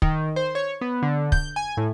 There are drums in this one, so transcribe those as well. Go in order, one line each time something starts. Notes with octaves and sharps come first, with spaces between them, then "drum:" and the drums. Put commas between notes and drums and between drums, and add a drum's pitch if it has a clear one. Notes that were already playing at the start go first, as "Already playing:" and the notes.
D#3, drum: kick
C5
C#5
B3
D3
G6, drum: kick
G#5
A2